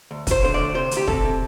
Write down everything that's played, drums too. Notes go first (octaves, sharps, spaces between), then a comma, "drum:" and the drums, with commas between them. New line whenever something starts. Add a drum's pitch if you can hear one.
D2
D2 C5, drum: kick, hi-hat
D3 C5
D2 D5
C3 C5
D2, drum: hi-hat
G4
C3 A4, drum: kick
C3